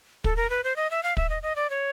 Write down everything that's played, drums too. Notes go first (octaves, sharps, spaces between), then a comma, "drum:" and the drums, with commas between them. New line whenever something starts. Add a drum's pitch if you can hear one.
A4, drum: kick
A#4
B4
C5
D#5
E5
F5
E5, drum: kick
D#5
D#5
D5
C#5